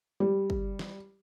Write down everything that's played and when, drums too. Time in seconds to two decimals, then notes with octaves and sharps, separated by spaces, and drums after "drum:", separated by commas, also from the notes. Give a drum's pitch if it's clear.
0.20 G3
0.50 drum: kick
0.79 drum: snare